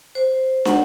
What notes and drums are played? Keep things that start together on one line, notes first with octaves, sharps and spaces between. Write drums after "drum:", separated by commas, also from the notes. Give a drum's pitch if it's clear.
C5
F#5, drum: snare